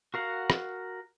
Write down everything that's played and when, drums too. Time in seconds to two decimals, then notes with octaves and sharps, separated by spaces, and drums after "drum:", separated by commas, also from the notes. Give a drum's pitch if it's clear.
0.14 F#4 A#4 F5 F#5
0.50 drum: rim click